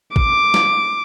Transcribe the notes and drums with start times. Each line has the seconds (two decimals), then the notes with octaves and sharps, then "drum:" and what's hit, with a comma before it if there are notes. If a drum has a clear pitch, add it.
0.16 D6, drum: kick
0.54 drum: snare